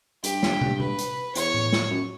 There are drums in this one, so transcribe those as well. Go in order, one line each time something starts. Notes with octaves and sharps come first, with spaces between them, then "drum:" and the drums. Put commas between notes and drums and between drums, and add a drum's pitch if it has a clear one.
G2 G4, drum: hi-hat
drum: snare
drum: tom
B4, drum: tom C3
drum: hi-hat
E2 C#5, drum: hi-hat
drum: tom A2
drum: snare
F#2